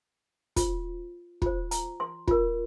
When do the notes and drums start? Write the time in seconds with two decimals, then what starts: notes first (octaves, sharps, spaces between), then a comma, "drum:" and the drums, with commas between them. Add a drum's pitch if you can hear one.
0.56 F4 C5, drum: kick, hi-hat
1.42 F4 C5, drum: kick
1.71 A#5, drum: hi-hat
2.00 C6
2.27 F4 A#4, drum: kick